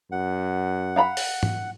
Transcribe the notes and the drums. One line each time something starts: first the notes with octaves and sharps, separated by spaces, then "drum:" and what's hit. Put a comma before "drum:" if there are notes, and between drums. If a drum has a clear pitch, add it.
F#2 F#5
F5 A#5 B5
drum: open hi-hat
drum: tom G#2